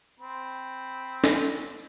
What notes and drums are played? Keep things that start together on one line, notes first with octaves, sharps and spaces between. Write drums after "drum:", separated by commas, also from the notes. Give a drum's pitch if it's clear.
C4 B5
drum: snare